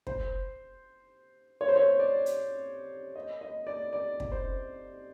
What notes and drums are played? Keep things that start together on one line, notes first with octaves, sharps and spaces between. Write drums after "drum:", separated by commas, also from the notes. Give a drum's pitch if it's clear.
C5, drum: kick
C#5
C5
C#5
D5
drum: hi-hat
D#5
D#5
D5
D5
drum: kick
C5